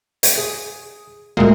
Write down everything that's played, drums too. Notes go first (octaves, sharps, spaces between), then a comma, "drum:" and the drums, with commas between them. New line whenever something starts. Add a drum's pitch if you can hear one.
drum: hi-hat
G#4
D2 A#2 G#3 A#3 E5